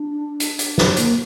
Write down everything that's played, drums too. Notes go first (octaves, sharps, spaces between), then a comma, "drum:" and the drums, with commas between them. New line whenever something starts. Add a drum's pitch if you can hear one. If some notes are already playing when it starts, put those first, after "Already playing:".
Already playing: D4
drum: hi-hat
drum: hi-hat
drum: snare
A#3, drum: hi-hat